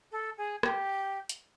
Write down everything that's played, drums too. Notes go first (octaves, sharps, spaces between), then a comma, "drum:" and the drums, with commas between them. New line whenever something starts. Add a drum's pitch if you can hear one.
A4
G#4
G4, drum: rim click
drum: hi-hat